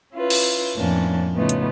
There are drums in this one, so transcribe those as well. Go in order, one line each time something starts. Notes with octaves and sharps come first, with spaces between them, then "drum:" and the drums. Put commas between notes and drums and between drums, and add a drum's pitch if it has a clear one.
C#4 E4 F4 B4
drum: cymbal
F2 A2 F3 A#3 C#4 D4
A2 C#3 A3 B3 D#4 F4
drum: hi-hat